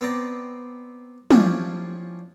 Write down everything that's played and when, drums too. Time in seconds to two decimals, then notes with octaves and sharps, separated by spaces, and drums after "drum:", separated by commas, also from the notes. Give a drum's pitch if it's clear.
0.01 B3 C4 D5 A#5
1.31 F3 C#4 D4 E4 F4 G4, drum: tom